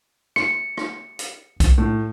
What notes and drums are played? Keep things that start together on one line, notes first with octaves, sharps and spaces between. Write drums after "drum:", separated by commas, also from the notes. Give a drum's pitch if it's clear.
C#7, drum: rim click
drum: rim click
drum: hi-hat
drum: kick B1, hi-hat
A2